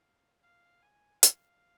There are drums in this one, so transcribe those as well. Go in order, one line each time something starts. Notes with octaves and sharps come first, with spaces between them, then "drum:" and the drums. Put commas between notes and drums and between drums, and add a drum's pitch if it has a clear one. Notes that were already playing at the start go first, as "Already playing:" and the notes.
Already playing: F5
F5
G#5
F5, drum: hi-hat